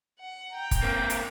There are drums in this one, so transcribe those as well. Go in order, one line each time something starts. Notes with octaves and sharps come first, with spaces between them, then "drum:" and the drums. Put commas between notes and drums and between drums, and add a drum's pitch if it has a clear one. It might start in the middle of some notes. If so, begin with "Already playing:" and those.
F#5
G5 A#5
drum: kick, hi-hat
A#3 C4
drum: hi-hat